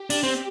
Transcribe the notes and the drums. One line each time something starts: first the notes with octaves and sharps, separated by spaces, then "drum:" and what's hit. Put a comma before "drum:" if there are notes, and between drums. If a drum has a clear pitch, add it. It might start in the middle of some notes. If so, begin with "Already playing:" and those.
Already playing: G4
D4, drum: open hi-hat
C4